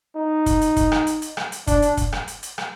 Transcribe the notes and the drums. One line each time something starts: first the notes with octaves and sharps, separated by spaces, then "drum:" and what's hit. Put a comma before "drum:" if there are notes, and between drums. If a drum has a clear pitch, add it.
D#4
drum: kick, hi-hat
drum: hi-hat
drum: kick, hi-hat
drum: rim click
drum: hi-hat
drum: hi-hat
drum: rim click
drum: hi-hat
D4, drum: kick, hi-hat
drum: hi-hat
drum: kick, hi-hat
drum: rim click
drum: hi-hat
drum: hi-hat
drum: rim click